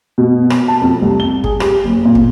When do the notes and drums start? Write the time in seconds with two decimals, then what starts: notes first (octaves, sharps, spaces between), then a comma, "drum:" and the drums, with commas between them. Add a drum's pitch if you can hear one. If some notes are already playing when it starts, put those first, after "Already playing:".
0.18 B2
0.50 drum: rim click
0.68 A5
0.81 F2
1.02 C2
1.20 G7
1.44 G#4, drum: kick
1.60 G4, drum: rim click
1.85 F#1
2.05 A#2
2.15 drum: kick